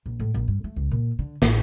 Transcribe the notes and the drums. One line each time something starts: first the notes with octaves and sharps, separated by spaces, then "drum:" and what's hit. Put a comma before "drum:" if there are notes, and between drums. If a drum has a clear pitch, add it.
A#1
A2
A#1
G2
A3
C#2
A#2
D3
A1, drum: snare